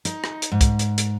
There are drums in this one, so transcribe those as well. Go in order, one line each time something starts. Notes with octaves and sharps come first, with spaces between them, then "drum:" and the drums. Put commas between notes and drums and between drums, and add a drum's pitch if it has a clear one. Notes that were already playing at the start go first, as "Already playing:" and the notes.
D#4, drum: hi-hat
drum: rim click
drum: hi-hat
G#2
drum: kick, hi-hat
drum: hi-hat
drum: hi-hat